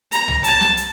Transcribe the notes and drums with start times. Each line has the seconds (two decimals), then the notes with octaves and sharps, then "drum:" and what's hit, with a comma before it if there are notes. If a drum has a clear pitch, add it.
0.12 A#5, drum: hi-hat
0.28 drum: tom C2
0.44 A5, drum: hi-hat
0.61 drum: snare
0.77 drum: hi-hat